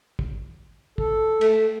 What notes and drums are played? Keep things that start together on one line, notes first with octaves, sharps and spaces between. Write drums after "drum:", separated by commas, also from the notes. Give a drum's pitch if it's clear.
drum: kick
A4, drum: kick
A3, drum: cymbal